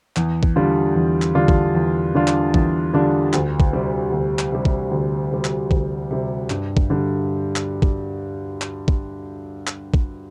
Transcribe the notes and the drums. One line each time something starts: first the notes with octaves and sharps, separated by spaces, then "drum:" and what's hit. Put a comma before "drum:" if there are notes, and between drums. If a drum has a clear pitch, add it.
E2, drum: clap
drum: kick
D3 G3 D4 F4
E2
drum: clap
D3 G3 D4 F4
drum: kick
E2
D3 G3 D4 F4
drum: clap
E2, drum: kick
D3 G3 D4 F4
D2, drum: clap
drum: kick
C3 G3
D2
drum: clap
C3 G3
drum: kick
D2
C3 G3
drum: clap
D2, drum: kick
C3 G3
G2, drum: clap
drum: kick
D3 G3
drum: clap
drum: kick
drum: clap
drum: kick
drum: clap
drum: kick